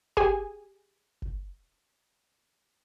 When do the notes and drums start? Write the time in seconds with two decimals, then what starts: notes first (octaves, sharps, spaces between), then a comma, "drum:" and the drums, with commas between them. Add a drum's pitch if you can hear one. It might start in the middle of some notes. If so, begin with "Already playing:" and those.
0.17 G4 G#4 G#5, drum: kick F#1
1.22 drum: kick F#1